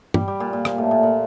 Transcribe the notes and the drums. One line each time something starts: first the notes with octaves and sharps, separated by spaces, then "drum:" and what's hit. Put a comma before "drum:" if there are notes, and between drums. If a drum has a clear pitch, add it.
G3, drum: tom
G3
A#2
A#2
A#2, drum: rim click
A2
A#2
A#2